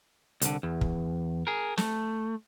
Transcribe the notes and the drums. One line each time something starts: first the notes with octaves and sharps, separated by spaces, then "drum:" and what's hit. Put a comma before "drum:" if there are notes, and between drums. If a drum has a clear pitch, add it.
C2 D3, drum: hi-hat
E2
drum: kick
G#4 A#4
A3, drum: snare